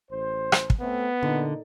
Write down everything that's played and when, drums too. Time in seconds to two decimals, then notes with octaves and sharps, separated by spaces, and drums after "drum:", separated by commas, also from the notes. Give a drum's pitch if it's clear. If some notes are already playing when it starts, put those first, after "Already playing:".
0.11 A1 C5
0.52 drum: rim click
0.70 drum: kick
0.81 A3 B3 C4
1.23 A#2 D3 D#4